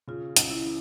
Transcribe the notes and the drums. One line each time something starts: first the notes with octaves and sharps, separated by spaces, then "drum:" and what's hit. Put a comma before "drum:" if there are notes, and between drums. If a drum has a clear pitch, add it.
C#3 F4
C#2, drum: hi-hat
E4
E3